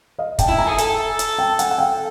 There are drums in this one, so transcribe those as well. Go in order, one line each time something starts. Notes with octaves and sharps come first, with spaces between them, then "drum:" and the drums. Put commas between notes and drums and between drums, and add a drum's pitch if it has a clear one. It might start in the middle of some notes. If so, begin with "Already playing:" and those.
D#5 F5
G5 A5, drum: kick, hi-hat
E4
G#5 A#5
G#4
A4, drum: hi-hat
drum: hi-hat
G5 A5
F#5 G#5, drum: hi-hat
F#5
F5 G5